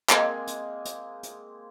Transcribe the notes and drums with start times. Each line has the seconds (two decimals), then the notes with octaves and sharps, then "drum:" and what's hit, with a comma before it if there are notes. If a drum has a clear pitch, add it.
0.09 G#3 A#3 C4 G#5, drum: clap
0.47 drum: hi-hat
0.85 drum: hi-hat
1.23 drum: hi-hat